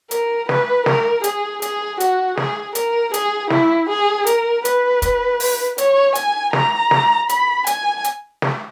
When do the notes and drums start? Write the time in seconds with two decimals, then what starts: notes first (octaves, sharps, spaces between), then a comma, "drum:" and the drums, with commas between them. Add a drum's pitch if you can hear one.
0.11 A#4, drum: hi-hat
0.49 B4, drum: snare
0.86 A#4, drum: snare
1.24 G#4, drum: hi-hat
1.62 G#4, drum: hi-hat
2.00 F#4, drum: hi-hat
2.37 G#4, drum: snare
2.75 A#4, drum: hi-hat
3.14 G#4, drum: hi-hat
3.50 E4, drum: snare
3.89 G#4
4.26 A#4, drum: hi-hat
4.65 B4, drum: hi-hat
5.02 drum: kick, hi-hat
5.40 drum: open hi-hat
5.78 C#5, drum: hi-hat
6.15 G#5, drum: hi-hat
6.53 A#5, drum: snare
6.91 drum: snare
7.29 B5, drum: hi-hat
7.67 G#5, drum: hi-hat
8.04 drum: hi-hat
8.42 drum: snare